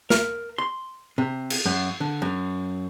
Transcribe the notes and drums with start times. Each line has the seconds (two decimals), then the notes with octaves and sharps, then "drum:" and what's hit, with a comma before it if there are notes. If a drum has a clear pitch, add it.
0.10 A#4, drum: snare
0.58 C6
1.18 C3
1.50 drum: cymbal
1.65 F#2
2.00 D3
2.22 F#2